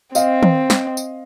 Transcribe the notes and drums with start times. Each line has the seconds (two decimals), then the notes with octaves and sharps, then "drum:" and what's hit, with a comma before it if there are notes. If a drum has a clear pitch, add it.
0.15 C4 D#5 F5, drum: tambourine
0.43 drum: tom D#3
0.70 drum: snare
0.97 drum: tambourine